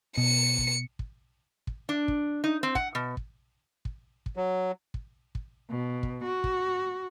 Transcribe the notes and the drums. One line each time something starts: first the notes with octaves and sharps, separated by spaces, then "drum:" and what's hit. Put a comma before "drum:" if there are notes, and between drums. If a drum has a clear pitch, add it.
B2 C#7
drum: kick
drum: kick
drum: kick
D4
drum: kick
D#4
C4
F#5, drum: kick
B2
drum: kick
drum: kick
drum: kick
F#3
drum: kick
drum: kick
B2
drum: kick
F#4
drum: kick